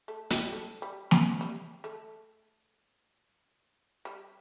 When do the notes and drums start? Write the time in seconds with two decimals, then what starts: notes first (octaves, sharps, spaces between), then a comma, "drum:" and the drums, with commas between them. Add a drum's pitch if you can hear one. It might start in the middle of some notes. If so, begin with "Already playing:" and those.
0.08 A3
0.30 G3, drum: hi-hat
0.52 A3
0.82 G3
1.11 F3, drum: snare
1.41 G3
1.84 A3
4.05 G3